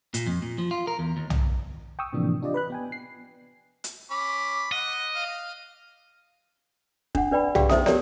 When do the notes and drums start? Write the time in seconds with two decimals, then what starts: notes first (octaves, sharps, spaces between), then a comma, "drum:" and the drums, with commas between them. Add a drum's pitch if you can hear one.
0.14 A#2, drum: hi-hat
0.27 F2
0.42 A#2
0.58 F3
0.71 F4
0.87 A#4
0.99 E2
1.17 D#2
1.30 drum: tom
1.99 G5 C#6 D#6 E6
2.13 A2 C3 E3 F3 A#3 D4
2.42 D4 F4 G4 D5 D#5
2.54 B4 B5 F#6
2.70 B3 G5 G#5
2.92 C7
3.84 drum: hi-hat
4.11 C#4 B5 D6
4.72 D#5 F#5
5.15 F5
7.15 D4 F#5, drum: kick
7.32 D4 B4 D5 G5 B5
7.55 G4 G#4 D5 F5 G5, drum: tom
7.69 D#4 C5 E5 D#6, drum: snare
7.86 G4 A#4 C#5 D5, drum: snare